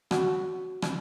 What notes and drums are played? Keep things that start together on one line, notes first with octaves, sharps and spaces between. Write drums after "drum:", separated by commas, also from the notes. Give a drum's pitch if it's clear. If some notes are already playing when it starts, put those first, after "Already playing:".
F#4, drum: rim click
drum: rim click